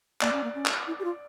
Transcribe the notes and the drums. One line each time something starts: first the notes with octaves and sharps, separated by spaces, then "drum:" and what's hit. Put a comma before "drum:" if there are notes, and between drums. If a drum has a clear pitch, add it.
A#3 D5, drum: clap
C#4
A#3
C#4
drum: clap
E4
G4
F4